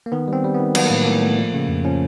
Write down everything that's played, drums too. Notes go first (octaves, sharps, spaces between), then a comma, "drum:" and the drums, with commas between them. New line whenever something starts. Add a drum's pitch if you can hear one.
A#3
D#3 B3
G3 C4
G3
B3
D#3
F#3 B3, drum: cymbal
A#3
A2
A2 A#3
A3
F3
C#3
F2
F3 C#4